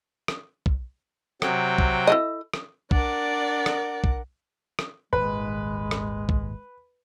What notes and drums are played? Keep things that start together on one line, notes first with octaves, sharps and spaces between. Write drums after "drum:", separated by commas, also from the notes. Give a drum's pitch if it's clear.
drum: rim click
drum: kick
C3 F#3 G5, drum: rim click
drum: kick
E4 A4 D#5
drum: rim click
D4 A#4 D5 F#5, drum: kick
drum: rim click
drum: kick
drum: rim click
D#1 G#1 D#3 G#3 B4
drum: rim click
drum: kick